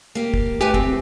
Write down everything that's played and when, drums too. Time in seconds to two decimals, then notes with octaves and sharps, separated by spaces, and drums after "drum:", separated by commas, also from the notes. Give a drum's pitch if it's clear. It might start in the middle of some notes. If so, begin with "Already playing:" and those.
0.15 A#3 G4
0.34 drum: kick
0.61 A3 G4 B4 G#5
0.74 C4, drum: kick